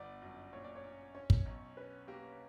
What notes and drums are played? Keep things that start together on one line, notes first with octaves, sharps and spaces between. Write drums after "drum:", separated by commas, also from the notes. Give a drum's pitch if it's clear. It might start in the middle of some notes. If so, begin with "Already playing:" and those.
Already playing: G1 B3 D5
F#2
A#2 C#5
D5
C#5
C#4
C#4 C#5
drum: kick
B1
C#4 B4
A#3 G4